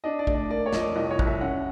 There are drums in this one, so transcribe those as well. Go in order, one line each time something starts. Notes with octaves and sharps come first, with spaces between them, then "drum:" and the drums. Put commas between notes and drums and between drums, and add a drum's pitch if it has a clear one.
D4 D#5
D5
A3, drum: kick
D5
A#3 D5
C#5
F2 D#5, drum: snare
D5
C2 D#5
C#5
C2, drum: kick
E5
C#4 F#5